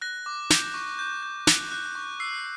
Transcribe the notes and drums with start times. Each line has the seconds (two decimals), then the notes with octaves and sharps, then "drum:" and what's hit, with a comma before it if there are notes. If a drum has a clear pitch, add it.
0.01 F#6 A#6
0.26 D6
0.50 G6, drum: snare
0.74 C#6
0.99 G6
1.23 G6
1.47 F#6, drum: snare
1.72 F#6
1.95 C#6
2.20 E6 C7